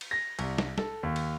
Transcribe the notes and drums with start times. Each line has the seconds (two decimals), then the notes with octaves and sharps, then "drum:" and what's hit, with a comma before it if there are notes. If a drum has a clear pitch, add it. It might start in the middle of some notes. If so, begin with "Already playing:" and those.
0.01 drum: cymbal
0.11 A#6
0.39 C2, drum: cymbal
0.58 drum: snare
0.78 A4, drum: snare
1.03 D#2
1.16 drum: cymbal